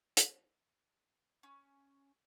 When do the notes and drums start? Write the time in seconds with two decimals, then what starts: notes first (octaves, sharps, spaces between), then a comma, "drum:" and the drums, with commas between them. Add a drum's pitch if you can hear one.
0.17 drum: hi-hat
1.43 C#4